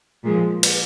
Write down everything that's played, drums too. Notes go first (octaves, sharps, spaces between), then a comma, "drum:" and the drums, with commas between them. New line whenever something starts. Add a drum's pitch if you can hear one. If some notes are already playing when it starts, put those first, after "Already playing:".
A#2 F3 G#3
drum: cymbal